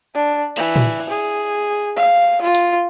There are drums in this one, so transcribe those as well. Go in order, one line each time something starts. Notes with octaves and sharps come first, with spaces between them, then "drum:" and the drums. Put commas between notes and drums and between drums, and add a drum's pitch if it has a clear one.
D4
E3, drum: cymbal
drum: tom A2
G#4
F5
F4
drum: hi-hat